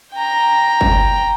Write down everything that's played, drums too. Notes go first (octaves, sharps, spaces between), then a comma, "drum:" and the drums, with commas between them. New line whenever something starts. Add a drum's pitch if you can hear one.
G5 A#5
drum: kick F#1